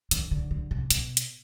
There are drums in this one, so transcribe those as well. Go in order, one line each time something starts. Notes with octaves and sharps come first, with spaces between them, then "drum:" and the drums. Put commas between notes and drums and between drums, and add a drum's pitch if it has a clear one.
D#3, drum: hi-hat
D3
D3
C3
B2, drum: hi-hat
drum: hi-hat